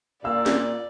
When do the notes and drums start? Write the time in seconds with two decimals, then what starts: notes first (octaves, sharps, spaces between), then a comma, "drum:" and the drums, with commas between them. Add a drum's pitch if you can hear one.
0.24 A#2 D5 F5 E6
0.46 drum: snare